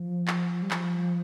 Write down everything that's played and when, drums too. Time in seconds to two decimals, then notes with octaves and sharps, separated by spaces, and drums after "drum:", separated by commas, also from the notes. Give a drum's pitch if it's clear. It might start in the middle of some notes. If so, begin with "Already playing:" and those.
Already playing: F3
0.28 drum: clap
0.63 G3
0.71 F3, drum: clap